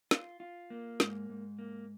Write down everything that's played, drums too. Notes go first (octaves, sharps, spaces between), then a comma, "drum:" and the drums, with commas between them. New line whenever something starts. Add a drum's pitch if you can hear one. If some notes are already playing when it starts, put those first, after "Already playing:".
F4, drum: snare
F4
A#3
G#2, drum: snare
G#2
A#3